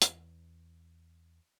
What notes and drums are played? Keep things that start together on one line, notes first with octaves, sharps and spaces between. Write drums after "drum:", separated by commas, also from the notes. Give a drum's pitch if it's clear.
E2, drum: hi-hat